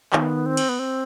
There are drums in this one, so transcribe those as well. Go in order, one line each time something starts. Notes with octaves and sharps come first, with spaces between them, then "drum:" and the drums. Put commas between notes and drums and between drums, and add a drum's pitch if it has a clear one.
D#3 B3, drum: clap
C4
drum: cymbal
B3
C4